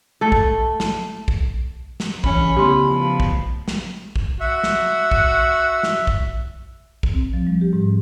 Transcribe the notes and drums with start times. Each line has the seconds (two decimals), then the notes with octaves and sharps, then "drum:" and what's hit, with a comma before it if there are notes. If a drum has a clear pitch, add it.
0.21 A3 A4
0.32 drum: kick A1
0.80 drum: snare
1.28 drum: kick A1
2.00 drum: snare
2.24 C#2 E3 C#4 B5, drum: kick A1
2.57 C#3 A3 B3 G4 C6
2.86 F3
3.20 drum: kick A1
3.68 drum: snare
4.16 drum: kick A1
4.40 F#4 E5
4.64 drum: snare
5.11 drum: kick A1
5.83 drum: snare
6.07 drum: kick A1
7.03 drum: kick A1
7.14 C4
7.33 F3
7.47 G3
7.61 G4
7.73 G#2
7.87 C4